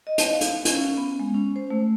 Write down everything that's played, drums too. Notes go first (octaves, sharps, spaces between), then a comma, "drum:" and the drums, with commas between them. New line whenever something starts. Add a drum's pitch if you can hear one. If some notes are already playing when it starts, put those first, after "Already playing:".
D#5
A5, drum: hi-hat
F5
drum: hi-hat
C#4, drum: hi-hat
C#4
B3
G#3
C#4
C5
A3